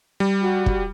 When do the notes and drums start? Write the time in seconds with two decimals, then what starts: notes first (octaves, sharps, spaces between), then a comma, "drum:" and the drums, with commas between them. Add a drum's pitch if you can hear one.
0.20 G3
0.41 F#4
0.66 drum: kick